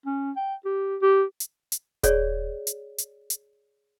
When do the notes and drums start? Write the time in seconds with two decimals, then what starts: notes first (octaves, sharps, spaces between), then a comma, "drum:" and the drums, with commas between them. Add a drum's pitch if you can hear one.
0.06 C#4
0.37 G5
0.65 G4
1.02 G4
1.40 drum: hi-hat
1.72 drum: hi-hat
2.03 G#4 C#5 D5, drum: kick D#1, hi-hat
2.67 drum: hi-hat
2.98 drum: hi-hat
3.30 drum: hi-hat